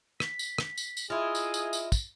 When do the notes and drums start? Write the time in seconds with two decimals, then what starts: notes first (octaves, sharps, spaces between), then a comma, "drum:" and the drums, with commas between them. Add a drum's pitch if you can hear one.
0.20 B6, drum: rim click
0.39 drum: tambourine
0.58 drum: rim click
0.78 drum: tambourine
0.97 drum: tambourine
1.10 E4 F4 G#4 D#5
1.35 drum: tambourine
1.54 drum: tambourine
1.73 drum: tambourine
1.92 drum: kick, tambourine